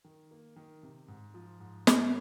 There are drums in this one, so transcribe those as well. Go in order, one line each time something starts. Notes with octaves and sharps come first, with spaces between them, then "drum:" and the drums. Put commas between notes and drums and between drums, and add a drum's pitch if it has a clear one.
D#3
A#3
D#3
C3
G#2
F3
G#2
F3, drum: snare